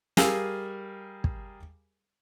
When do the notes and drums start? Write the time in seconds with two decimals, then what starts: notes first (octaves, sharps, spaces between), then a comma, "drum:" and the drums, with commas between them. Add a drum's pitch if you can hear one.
0.17 G3 G#4 A#4 F5 G#5 E6, drum: snare
1.24 drum: kick